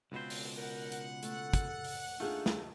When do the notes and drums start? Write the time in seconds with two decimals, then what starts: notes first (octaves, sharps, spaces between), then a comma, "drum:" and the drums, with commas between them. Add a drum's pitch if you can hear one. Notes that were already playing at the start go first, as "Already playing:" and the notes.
0.12 C#2 B2 C4 F4 B4 C5
0.30 drum: open hi-hat
0.56 A#4 F#5
0.92 drum: hi-hat
1.23 A3 A4, drum: hi-hat
1.53 drum: kick, hi-hat
1.84 drum: open hi-hat
2.20 D#2 D#3 A3 D4 F4 G#4
2.46 drum: snare